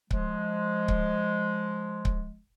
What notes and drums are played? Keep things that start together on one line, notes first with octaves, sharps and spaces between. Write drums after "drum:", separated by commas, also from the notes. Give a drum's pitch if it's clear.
F3 G#3, drum: kick C#1
drum: kick C#1
drum: kick C#1